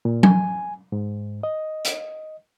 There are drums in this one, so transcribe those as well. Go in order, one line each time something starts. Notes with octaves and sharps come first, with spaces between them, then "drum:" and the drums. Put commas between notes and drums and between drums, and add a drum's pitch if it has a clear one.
A#2
G#5, drum: tom F#3
G#2
D#5
drum: hi-hat